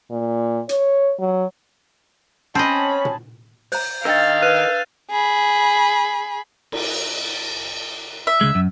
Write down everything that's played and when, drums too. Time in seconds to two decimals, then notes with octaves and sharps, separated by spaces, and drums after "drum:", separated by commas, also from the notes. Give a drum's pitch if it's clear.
0.11 A#2
0.69 C#5, drum: hi-hat
1.19 F#3
2.55 C4 C#4 D#5 G#5 A5 B5
3.05 drum: tom A#2
3.72 C5 A#5 G6, drum: open hi-hat
4.05 D4 A#4 D#5 F5 G5 E6 A6
4.42 B4 F#6 D#7
5.11 G#4 B5
6.72 drum: cymbal
8.27 E5
8.41 C#2 G#3
8.55 F#2